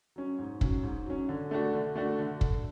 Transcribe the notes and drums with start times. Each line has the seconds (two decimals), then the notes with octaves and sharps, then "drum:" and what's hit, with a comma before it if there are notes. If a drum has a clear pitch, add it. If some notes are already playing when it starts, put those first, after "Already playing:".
0.16 F#3 C#4
0.38 G#2
0.61 F#3 C#4, drum: kick
0.83 G#2
1.06 F#3 C#4
1.29 D3
1.51 A3 D4 F#4
1.74 D3
1.95 A3 D4 F#4
2.19 D3
2.41 drum: kick